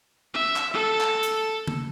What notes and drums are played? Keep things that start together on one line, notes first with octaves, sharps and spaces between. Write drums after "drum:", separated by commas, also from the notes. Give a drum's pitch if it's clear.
E5
drum: clap
A4
drum: clap
drum: hi-hat
drum: tom C#3